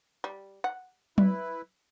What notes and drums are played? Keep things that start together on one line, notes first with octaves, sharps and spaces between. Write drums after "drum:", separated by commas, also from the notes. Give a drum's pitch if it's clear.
G3
F#5
E4 B4, drum: tom F#3